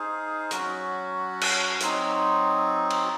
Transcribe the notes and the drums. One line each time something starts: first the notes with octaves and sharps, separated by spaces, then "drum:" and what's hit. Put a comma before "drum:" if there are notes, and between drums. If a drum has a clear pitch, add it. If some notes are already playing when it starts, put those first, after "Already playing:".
Already playing: D#4 G#4 C5 F5
F#3 C#4 F#4, drum: hi-hat
drum: cymbal
F#3 C4 D#4, drum: hi-hat
drum: cymbal